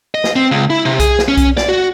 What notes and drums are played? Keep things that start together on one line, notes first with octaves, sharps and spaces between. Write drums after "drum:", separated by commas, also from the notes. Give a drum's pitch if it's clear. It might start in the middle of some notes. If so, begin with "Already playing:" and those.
D#5
drum: snare
C4
C#2
E4
C3
G#4, drum: kick B1, hi-hat
drum: snare
C#4
drum: kick B1, hi-hat
D5, drum: snare
F#4